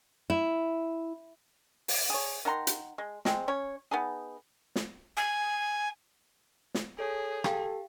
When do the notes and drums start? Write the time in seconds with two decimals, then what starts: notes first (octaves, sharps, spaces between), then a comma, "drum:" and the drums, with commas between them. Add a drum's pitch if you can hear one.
0.30 E4
1.88 drum: open hi-hat
2.10 G#4 C#5
2.45 D#3 F#5 A#5 C6
2.67 drum: hi-hat
2.98 G#3
3.25 G#3 C4, drum: snare
3.48 C#4 C#5
3.91 B3 D#4 G#4
4.76 drum: snare
5.17 G#5
6.74 drum: snare
6.99 G#4 A4 C#5
7.44 G4 A4 F5 G5, drum: rim click